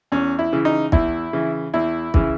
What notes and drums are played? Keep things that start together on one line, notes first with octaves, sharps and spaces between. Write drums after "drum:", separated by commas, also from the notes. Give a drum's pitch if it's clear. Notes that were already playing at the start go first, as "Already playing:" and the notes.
E2 C#4
E4
C#3 E3
D#4
E2 E4, drum: kick
C#3 E3
E2 E4
C#3 E3, drum: kick